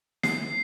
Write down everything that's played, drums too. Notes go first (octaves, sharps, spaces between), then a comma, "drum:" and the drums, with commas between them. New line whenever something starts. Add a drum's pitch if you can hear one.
C7, drum: snare